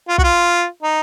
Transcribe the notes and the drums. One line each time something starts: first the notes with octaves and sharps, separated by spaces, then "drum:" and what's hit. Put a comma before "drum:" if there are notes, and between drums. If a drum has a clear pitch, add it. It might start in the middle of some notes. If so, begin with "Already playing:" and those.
F4
F#4, drum: kick
F4
D#4